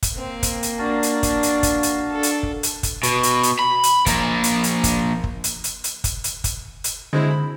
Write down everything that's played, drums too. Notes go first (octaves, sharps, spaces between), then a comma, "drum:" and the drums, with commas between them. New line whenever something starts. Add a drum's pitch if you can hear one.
drum: kick, hi-hat
A#3 C4
drum: kick, hi-hat
drum: hi-hat
D4 F#4 F5 A5
drum: hi-hat
drum: kick, hi-hat
drum: hi-hat
drum: kick, hi-hat
drum: hi-hat
D4 A4
drum: hi-hat
drum: kick
drum: hi-hat
drum: kick, hi-hat
B2, drum: hi-hat
drum: hi-hat
drum: hi-hat
B5
drum: hi-hat
F3 A#3, drum: kick, hi-hat
drum: hi-hat
drum: hi-hat
drum: kick, hi-hat
drum: kick
drum: hi-hat
drum: hi-hat
drum: hi-hat
drum: kick, hi-hat
drum: hi-hat
drum: kick, hi-hat
drum: hi-hat
D3 G#3 C4 E4
B5